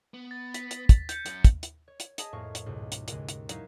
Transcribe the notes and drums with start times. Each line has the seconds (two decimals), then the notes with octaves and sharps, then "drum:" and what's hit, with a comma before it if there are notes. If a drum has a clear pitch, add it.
0.14 B3
0.31 A6
0.54 B6, drum: hi-hat
0.71 drum: hi-hat
0.89 drum: kick, hi-hat
1.09 G6 C#7, drum: hi-hat
1.26 F#2, drum: hi-hat
1.44 drum: kick, hi-hat
1.63 drum: hi-hat
1.88 C#5
2.00 drum: hi-hat
2.18 G#4 D#5 G#5 A5 B5 D#6, drum: hi-hat
2.33 F2 A2 A#3 C#5 F5 C#6
2.55 drum: hi-hat
2.66 C#2 G#2 B2
2.92 drum: hi-hat
3.08 D#2 C#3 G#3, drum: hi-hat
3.29 drum: hi-hat
3.49 F#3 D#4 E4 C#5 F5, drum: hi-hat